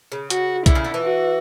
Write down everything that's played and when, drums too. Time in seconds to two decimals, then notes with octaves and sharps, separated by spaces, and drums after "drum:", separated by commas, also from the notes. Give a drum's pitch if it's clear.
0.12 C#3
0.30 F#4, drum: hi-hat
0.66 D3 E4, drum: kick B1, hi-hat
0.75 C#3
0.84 D3
0.94 E3
1.03 F#4